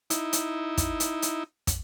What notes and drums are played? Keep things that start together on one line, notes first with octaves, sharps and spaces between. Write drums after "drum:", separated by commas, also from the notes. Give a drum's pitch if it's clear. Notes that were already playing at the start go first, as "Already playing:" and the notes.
D#4 E4, drum: hi-hat
drum: hi-hat
drum: kick, hi-hat
drum: hi-hat
drum: hi-hat
drum: kick, hi-hat